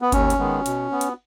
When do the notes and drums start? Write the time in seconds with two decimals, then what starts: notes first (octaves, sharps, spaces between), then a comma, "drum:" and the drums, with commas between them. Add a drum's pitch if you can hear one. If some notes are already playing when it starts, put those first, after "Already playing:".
0.02 B3
0.12 D#2 C#4, drum: kick G1, hi-hat
0.30 drum: hi-hat
0.39 D#3 G#3 B3
0.66 B2, drum: hi-hat
0.92 B3
1.01 drum: hi-hat